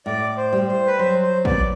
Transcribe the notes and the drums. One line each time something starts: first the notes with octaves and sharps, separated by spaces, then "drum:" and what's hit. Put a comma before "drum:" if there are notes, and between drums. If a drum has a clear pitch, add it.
A2 D5
C5
G3
C5
B4
F#3 C5
C5
B3 D5, drum: kick A1